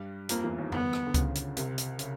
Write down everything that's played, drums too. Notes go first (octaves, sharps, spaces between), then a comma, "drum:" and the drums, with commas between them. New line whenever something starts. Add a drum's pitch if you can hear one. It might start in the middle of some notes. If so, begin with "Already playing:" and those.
Already playing: G2 G3
F2 F3 A#3, drum: hi-hat
E2 E3
D#2 D#3
B3, drum: tom F2
drum: rim click
D3
C#2 C#3, drum: kick C#2, hi-hat
drum: hi-hat
C2 C3, drum: hi-hat
drum: hi-hat
C#3, drum: hi-hat